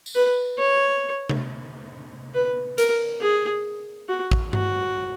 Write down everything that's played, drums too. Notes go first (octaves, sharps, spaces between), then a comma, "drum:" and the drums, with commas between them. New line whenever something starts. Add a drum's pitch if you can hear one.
drum: tambourine
B4
C#5
drum: tom C3
B4
A#4, drum: hi-hat
G#4
F#4
drum: kick
F#4, drum: tom G2